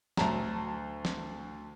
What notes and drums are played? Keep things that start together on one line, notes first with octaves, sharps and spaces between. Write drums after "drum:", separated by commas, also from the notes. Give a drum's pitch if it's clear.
D2 F#3 A5 A#5, drum: snare
drum: snare